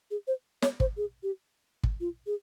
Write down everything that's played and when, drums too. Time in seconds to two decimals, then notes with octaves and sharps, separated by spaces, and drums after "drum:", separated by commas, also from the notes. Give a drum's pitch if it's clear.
0.11 G#4
0.27 C5
0.62 C#5, drum: snare
0.80 C5, drum: kick
0.97 G#4
1.23 G4
1.83 drum: kick
2.00 F4
2.27 G#4